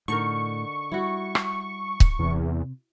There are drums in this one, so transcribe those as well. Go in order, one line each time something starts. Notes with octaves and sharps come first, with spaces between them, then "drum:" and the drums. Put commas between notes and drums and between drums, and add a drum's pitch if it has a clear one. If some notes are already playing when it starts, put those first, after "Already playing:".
A2 D3 D#4 A#4 C#6
G3 E4 F#4
drum: rim click
drum: kick C#1
E2 C3